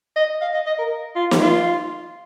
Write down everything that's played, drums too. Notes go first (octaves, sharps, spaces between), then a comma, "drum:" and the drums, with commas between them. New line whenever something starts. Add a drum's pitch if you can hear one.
D#5
F5
D#5
D#5
A#4
F4
drum: snare
F4